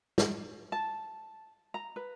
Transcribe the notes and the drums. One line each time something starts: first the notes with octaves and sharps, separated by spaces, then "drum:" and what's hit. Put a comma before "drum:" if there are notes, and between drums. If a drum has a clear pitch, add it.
drum: snare
A5
A#5
B4